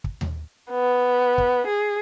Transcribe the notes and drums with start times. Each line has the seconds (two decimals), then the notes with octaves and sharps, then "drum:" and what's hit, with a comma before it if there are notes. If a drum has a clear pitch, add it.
0.04 drum: kick
0.21 drum: tom D#2
0.71 B3
1.38 drum: kick
1.67 G#4